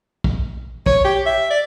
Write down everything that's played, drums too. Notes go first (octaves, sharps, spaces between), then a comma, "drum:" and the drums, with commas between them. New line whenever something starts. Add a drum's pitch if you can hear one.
drum: kick
C#5, drum: kick
G4
E5
D5